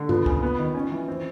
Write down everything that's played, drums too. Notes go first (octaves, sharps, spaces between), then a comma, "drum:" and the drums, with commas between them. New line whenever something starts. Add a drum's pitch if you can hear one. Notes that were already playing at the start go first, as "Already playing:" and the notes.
Already playing: D3
B3 F4, drum: tom G2
C#3, drum: kick
B3
D#3
C#4
E3
C4